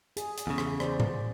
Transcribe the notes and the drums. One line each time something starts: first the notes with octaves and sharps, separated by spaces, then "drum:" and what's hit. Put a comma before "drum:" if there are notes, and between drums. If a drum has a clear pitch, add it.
G#4, drum: hi-hat
drum: hi-hat
E2 C#3
drum: rim click
C5 D5, drum: rim click
drum: tom A2